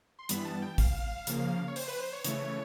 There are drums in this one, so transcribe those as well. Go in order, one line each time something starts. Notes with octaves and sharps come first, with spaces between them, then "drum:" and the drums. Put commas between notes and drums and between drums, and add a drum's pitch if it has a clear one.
C6
G2 E3 G3 B3 B5, drum: hi-hat
A5
G5
F5, drum: kick A1, open hi-hat
C#3 F3 A#3, drum: hi-hat
C#5
C5, drum: open hi-hat
B4
C5
C#5
C#3 E3 A3 C#5, drum: hi-hat